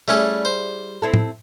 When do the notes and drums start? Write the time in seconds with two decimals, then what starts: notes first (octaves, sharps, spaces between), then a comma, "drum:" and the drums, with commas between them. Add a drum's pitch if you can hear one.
0.08 G3 A3 C#4 E4 G#4 A4
0.45 C5
1.02 C4 E4 A4
1.14 drum: tom A2